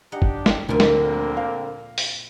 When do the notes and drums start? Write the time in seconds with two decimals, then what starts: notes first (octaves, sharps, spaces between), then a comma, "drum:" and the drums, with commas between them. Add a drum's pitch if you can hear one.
0.12 D4 D#4 G4 D#5 F#5
0.22 drum: kick G1
0.46 drum: snare
0.69 D2 A#2 D3 F3 A#3 C4 A#4
0.80 drum: snare
1.37 F5
1.98 drum: open hi-hat